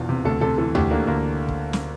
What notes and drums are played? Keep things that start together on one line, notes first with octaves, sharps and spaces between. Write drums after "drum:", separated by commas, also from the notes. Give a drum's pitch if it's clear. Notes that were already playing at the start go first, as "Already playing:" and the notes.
Already playing: E1 E2 F4
C3
D2 A4
C3 A4
E3 A4
D2 G4, drum: tom D#2
D3 A#3
D2 A#3
drum: kick
drum: snare